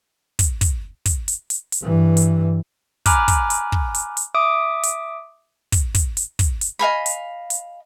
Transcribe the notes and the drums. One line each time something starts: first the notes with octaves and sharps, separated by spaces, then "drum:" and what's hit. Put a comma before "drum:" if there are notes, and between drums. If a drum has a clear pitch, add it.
drum: kick, hi-hat
drum: kick, hi-hat
drum: kick, hi-hat
drum: hi-hat
drum: hi-hat
drum: hi-hat
G2 E3
drum: hi-hat
G#5 A#5 B5 D6 F6 F#6, drum: kick, hi-hat
drum: kick, hi-hat
drum: hi-hat
drum: kick
drum: hi-hat
drum: hi-hat
E5 D6 D#6 D7
drum: hi-hat
drum: kick, hi-hat
drum: kick, hi-hat
drum: hi-hat
drum: kick, hi-hat
drum: hi-hat
D#5 F5 G#5 B5
drum: hi-hat
drum: hi-hat